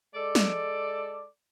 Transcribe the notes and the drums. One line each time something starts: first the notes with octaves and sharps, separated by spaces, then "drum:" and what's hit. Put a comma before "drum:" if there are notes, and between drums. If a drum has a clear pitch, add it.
G#3 A4 D5
drum: snare